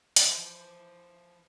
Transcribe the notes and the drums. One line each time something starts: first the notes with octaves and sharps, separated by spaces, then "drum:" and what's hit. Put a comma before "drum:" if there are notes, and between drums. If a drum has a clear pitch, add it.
E3 F3 C5, drum: hi-hat